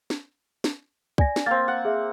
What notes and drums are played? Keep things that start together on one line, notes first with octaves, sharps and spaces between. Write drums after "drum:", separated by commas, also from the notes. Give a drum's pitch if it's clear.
drum: snare
drum: snare
D5 G#5 A#6, drum: kick
drum: snare
A#3 C4 A6
F#5
G#4 E5